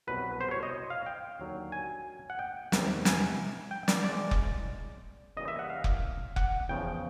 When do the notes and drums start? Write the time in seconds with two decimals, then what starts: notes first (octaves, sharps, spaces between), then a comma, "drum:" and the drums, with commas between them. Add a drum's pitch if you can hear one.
0.07 C2 B2 F#3 B4
0.41 C5
0.51 C#5
0.63 D#5
0.90 F5
1.06 G5
1.39 D#2 D3 F#3
1.72 G#5
2.30 F#5
2.39 G5
2.72 E2 C3 D#3, drum: snare
3.05 G#5, drum: snare
3.71 G5
3.88 D5, drum: snare
4.04 C#3 E3 G#3 D5
4.31 drum: kick F1
5.37 C#3 E3 G3 A#3 D#5
5.48 E5
5.59 F#5
5.70 F5
5.84 drum: kick F1
6.36 F#5, drum: kick F1
6.69 E2 C#3 F3 G5